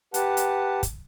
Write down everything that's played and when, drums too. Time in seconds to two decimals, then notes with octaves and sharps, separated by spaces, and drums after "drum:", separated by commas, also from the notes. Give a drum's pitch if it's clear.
0.14 G4 B4 F#5 A5, drum: hi-hat
0.37 drum: hi-hat
0.83 drum: kick, hi-hat